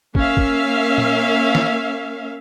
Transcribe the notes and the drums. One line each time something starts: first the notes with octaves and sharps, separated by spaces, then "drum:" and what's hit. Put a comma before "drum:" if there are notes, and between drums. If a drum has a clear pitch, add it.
A#3 C#4 A#4 E5 F5, drum: kick
drum: kick
drum: tom A#2
drum: snare